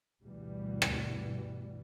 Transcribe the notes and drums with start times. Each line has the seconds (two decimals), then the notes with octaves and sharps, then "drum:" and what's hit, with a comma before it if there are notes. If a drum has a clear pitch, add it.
0.22 D2 G2 B2 E3 G3
0.82 drum: rim click